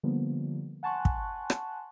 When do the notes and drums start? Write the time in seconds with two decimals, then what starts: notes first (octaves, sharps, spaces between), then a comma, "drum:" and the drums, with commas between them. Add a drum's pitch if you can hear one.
0.03 D3 F3 G3 A#3 B3
0.83 F#5 G#5 A5 C6 C#6 F#6
1.05 drum: kick
1.50 drum: rim click